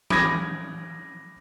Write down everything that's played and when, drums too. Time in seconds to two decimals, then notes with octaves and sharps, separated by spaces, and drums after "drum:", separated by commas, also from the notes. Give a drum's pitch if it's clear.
0.10 B5 D6 D#6 G#6 A#6, drum: tom E3